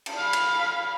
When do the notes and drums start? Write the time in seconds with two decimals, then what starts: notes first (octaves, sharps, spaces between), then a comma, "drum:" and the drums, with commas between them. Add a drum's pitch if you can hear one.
0.06 drum: cymbal
0.18 F5 B5
0.33 drum: cymbal